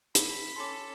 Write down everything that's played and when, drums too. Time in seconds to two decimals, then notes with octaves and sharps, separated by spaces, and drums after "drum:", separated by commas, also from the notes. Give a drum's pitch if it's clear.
0.15 B5, drum: hi-hat
0.56 C#4 A4 C6 D6